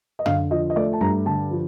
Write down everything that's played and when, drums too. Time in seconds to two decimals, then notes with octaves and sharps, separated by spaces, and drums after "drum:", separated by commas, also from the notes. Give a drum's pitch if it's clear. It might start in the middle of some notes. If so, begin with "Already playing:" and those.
0.19 D#5
0.26 D3 F5, drum: tom
0.51 F3 D#5
0.70 D#5
0.76 A3 D5
0.93 A5
1.01 G2 A#5
1.26 D3 A5
1.51 F3